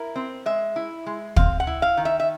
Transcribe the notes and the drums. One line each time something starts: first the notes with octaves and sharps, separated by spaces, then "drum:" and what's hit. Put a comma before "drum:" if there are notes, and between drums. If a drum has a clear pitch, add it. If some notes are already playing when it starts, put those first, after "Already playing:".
Already playing: E4 A#4
C4
G#3 E5
E4
G#3
C4 F5, drum: kick
F#5
E4
F5
D#3
E5
E5